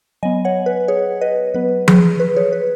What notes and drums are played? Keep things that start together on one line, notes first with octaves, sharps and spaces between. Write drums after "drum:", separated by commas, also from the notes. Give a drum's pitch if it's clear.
F#3 B3 D#5 G#5
C#5 F#5
B4
G#4 C#5
B4 D#5
F#3 B3 B4
G#4, drum: tom F3
B4
G#4 C#5
B4